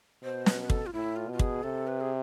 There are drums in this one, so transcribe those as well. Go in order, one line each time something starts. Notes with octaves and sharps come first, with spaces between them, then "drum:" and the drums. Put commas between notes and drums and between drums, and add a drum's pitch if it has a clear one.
B2 C5
B4, drum: snare
B4
A4, drum: kick
F4
A2 E4
F4
B2 F4
G#4, drum: kick
C3 A4
B4
G#4